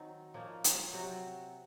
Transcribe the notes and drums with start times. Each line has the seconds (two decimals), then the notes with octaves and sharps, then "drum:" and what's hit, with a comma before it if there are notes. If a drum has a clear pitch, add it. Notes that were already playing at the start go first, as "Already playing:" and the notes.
Already playing: D#3 F#3 C4 D#4
0.34 A#2 F3 A#3 C#4
0.64 drum: hi-hat
0.93 C3 F#3 C4 F#4